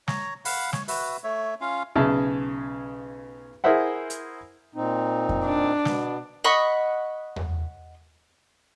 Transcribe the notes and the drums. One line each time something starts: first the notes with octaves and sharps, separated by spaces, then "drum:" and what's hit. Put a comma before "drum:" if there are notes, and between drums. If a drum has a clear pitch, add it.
C#5 A#5, drum: snare
F5 F#5 B5, drum: open hi-hat
C#5, drum: snare
F#4 B4 E5, drum: open hi-hat
A3 C#5 E5
C#4 F4 F5
B1 C#3 G#4 E5 A5
E4 G#4 A#4 C5 E5 F#5
drum: hi-hat
A#2 C4 D#4
drum: kick F2
D4
B2 B3, drum: snare
D#5 F#5 B5 C#6
drum: tom E2